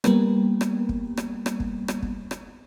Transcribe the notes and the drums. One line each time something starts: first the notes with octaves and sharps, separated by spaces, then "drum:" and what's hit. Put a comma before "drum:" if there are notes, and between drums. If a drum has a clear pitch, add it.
G3 A#3 B3, drum: rim click
drum: rim click
drum: kick
drum: rim click
drum: rim click
drum: kick
drum: rim click
drum: kick
drum: rim click